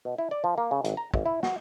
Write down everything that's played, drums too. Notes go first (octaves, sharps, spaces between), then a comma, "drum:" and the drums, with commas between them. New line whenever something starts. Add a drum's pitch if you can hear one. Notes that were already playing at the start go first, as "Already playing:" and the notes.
B2
E4
D5
F3
A#3
C#3
G#1, drum: hi-hat
A#5
G#1, drum: kick
E4
F#4, drum: snare